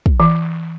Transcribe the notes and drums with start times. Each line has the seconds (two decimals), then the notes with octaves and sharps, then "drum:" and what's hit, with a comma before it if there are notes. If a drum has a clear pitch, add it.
0.06 drum: kick
0.20 E3